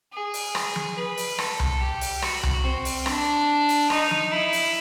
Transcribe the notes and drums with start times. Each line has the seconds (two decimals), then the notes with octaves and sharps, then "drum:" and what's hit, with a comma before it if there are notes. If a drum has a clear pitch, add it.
0.13 G#4
0.34 drum: open hi-hat
0.55 drum: rim click
0.76 drum: tom F3
0.97 B4
1.18 drum: open hi-hat
1.38 A4, drum: rim click
1.60 drum: tom C2
1.80 G4
2.01 drum: open hi-hat
2.22 F#4, drum: rim click
2.43 drum: tom C2
2.64 C4
2.85 drum: open hi-hat
3.06 D4, drum: rim click
3.69 drum: open hi-hat
3.90 D#4, drum: rim click
4.11 drum: tom F3
4.32 E4
4.53 drum: open hi-hat